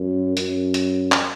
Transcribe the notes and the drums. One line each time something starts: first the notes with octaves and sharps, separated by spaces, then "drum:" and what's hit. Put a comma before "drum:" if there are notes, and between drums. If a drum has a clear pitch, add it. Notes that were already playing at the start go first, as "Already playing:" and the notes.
Already playing: F#2
F#2, drum: hi-hat
drum: hi-hat
drum: clap